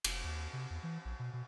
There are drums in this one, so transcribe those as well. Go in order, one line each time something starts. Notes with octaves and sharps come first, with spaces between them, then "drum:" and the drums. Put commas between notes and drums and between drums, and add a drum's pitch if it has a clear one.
F1, drum: cymbal
D#2
C3
E2
E3
A#1
B2
B2